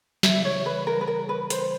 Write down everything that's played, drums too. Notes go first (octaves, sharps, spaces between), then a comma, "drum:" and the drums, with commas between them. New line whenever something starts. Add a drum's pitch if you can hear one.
C#3 E3 G3 E5, drum: snare
C#5
B4
A#4
B4
A#4
B4
C5, drum: hi-hat